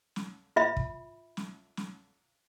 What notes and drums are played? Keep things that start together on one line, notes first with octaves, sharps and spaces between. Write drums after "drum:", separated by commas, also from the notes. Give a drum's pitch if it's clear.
drum: snare
F4 E5 B5
drum: kick
drum: snare
drum: snare